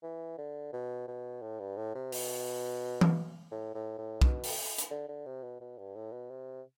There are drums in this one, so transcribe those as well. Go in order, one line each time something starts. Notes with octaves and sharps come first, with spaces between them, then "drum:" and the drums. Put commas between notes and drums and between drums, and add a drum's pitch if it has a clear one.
E3
D3
B2
B2
A2
G2
A2
C3
B2, drum: open hi-hat
drum: tom E3
A2
A2
A2
B2, drum: kick
drum: open hi-hat
drum: hi-hat
D3
D3
C3
B2
B2
G2
A2
B2
C3